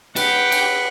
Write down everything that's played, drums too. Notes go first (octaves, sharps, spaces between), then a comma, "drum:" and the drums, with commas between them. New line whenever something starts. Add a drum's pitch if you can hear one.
G4 B4 F#5, drum: cymbal
drum: cymbal